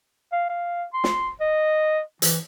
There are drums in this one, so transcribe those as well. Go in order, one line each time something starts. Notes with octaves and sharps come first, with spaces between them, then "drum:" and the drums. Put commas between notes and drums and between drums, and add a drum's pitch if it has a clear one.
F5
F5
C6
drum: snare
D#5
E3, drum: hi-hat